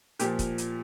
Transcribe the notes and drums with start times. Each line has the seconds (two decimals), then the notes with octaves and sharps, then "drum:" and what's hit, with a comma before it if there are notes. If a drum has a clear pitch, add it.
0.19 A#2 F3 G4, drum: hi-hat
0.39 drum: kick, hi-hat
0.58 drum: hi-hat